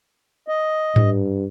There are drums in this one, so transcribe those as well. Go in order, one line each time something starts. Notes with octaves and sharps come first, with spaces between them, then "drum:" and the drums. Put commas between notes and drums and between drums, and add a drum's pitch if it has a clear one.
D#5
G2, drum: tom G#2